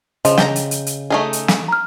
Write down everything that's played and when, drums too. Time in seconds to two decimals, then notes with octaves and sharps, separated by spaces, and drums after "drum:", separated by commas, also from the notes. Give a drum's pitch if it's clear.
0.25 C#3 F3 D#5, drum: hi-hat
0.38 G5 A5 A#5, drum: snare
0.56 drum: hi-hat
0.71 drum: hi-hat
0.86 drum: hi-hat
1.10 A3 D#4 G#4
1.33 drum: hi-hat
1.48 drum: snare
1.68 A#5 F6